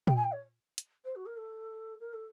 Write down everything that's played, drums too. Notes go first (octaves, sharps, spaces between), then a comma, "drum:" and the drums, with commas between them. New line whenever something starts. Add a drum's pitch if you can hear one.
G5, drum: tom A#2
G#5
G5
C#5
drum: hi-hat
C5
F#4
A#4
A4
A#4
A4